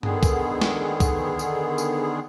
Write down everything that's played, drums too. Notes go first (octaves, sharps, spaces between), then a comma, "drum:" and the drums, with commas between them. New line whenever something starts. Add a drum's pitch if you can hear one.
D3 D#3 B3 G#4, drum: tom G2
drum: kick C2, tambourine
drum: snare
drum: kick C2, tambourine
drum: tambourine
drum: tambourine